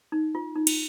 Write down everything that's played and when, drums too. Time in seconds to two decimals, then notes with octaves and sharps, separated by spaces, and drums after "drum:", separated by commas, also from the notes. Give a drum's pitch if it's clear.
0.12 D#4
0.35 F4
0.55 D#4
0.67 drum: cymbal